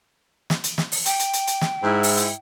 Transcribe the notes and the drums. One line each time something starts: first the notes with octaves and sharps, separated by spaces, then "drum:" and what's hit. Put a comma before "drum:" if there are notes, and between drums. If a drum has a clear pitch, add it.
drum: snare
drum: hi-hat
drum: snare
drum: open hi-hat
G5, drum: hi-hat
drum: hi-hat
drum: hi-hat
drum: hi-hat
drum: snare
G#2 E4
drum: open hi-hat
drum: hi-hat